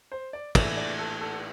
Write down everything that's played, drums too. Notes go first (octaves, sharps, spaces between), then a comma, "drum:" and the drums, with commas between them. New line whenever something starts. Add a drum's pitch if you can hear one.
C5
D5
A#1 A2 E3 A3 D5, drum: kick, cymbal
D5
A4
A4